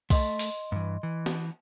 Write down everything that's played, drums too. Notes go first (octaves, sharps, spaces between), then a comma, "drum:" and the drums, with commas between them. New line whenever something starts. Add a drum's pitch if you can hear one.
A3 D#5 C6, drum: kick B1, open hi-hat
drum: open hi-hat
G2 E3
E3
drum: snare